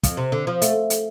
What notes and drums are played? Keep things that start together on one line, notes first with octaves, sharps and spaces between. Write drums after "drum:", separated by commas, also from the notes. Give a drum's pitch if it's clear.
F2, drum: kick, hi-hat
C3
D3
F3
A3, drum: hi-hat
drum: hi-hat